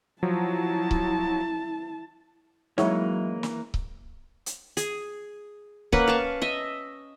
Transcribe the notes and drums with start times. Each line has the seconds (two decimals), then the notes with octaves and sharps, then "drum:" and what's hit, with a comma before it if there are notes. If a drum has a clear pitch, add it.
0.23 F3 F#3 E4 A5
0.91 drum: kick C#1
2.78 E3 F#3 G#3 A#3 C#4 D#4 E4 C#5, drum: snare
3.43 drum: snare
3.74 drum: kick C#1
4.46 drum: hi-hat
4.77 G#4, drum: hi-hat
5.92 A#3 C#4 B4 F#5, drum: kick C#1
6.08 F5 A5 C#6
6.42 D#5 E5